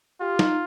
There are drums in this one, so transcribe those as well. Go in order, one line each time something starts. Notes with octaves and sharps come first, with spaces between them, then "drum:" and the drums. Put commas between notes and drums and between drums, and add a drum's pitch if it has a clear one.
F4 G4
D#4, drum: snare